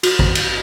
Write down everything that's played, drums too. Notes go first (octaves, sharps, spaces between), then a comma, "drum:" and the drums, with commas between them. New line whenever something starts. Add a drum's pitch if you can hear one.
F#4, drum: cymbal
drum: kick A1
drum: cymbal